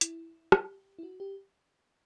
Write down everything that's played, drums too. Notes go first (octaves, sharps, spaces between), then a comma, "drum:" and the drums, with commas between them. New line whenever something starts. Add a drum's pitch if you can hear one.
E4, drum: hi-hat
G4, drum: rim click
E4
F#4
G4